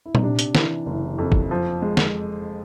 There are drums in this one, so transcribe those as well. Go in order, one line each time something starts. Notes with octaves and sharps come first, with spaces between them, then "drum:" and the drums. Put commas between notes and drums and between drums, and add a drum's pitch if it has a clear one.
E4
D#4, drum: tom A#2
C3 D4
drum: hi-hat
E3, drum: snare
F#1
F2
drum: kick
F3
G#3
drum: snare